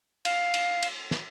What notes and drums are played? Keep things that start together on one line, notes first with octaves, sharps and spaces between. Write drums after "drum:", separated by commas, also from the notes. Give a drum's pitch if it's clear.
F5, drum: cymbal
drum: cymbal
drum: cymbal
drum: snare